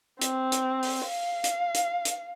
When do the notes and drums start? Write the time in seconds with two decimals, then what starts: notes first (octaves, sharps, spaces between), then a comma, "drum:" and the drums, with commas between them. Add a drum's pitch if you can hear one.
0.21 C4, drum: hi-hat
0.52 drum: hi-hat
0.82 drum: open hi-hat
1.07 F5
1.44 drum: hi-hat
1.74 drum: hi-hat
2.05 drum: hi-hat